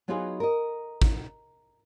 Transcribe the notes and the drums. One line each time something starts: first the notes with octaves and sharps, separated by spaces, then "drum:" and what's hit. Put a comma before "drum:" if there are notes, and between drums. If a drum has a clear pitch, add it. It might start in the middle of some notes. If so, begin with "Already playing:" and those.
F#3 B3 D#4 F4 F#4 G#4
A#4 D#5
drum: kick A1